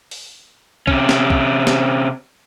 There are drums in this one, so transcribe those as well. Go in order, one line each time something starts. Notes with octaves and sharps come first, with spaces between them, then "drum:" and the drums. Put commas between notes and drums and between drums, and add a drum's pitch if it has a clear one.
drum: open hi-hat
C3 C#4, drum: kick
drum: snare
drum: kick
drum: snare